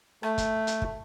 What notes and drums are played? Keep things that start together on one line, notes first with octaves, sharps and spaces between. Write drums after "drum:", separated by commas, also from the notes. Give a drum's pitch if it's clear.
A3, drum: rim click
drum: kick, hi-hat
drum: hi-hat
drum: kick